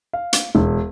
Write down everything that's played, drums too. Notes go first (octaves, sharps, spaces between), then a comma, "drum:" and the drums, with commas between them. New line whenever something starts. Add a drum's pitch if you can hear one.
F5
drum: hi-hat
E1